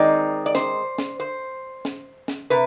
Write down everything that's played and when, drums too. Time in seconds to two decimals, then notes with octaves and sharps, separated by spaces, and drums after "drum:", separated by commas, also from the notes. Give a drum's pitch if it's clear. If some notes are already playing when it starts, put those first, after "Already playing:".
Already playing: D#3 G#3 C4 D#4 D5
0.46 D5
0.55 C5, drum: snare
0.98 drum: snare
1.20 C5
1.85 drum: snare
2.28 drum: snare
2.50 C3 B4